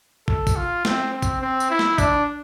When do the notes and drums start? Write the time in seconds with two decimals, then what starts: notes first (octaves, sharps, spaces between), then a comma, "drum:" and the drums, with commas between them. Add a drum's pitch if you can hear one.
0.28 A4, drum: kick
0.47 drum: kick, tambourine
0.56 F4
0.85 C4, drum: snare
1.13 C4
1.22 drum: kick, tambourine
1.41 C4
1.60 drum: tambourine
1.70 E4
1.79 drum: snare
1.98 D4, drum: kick, tambourine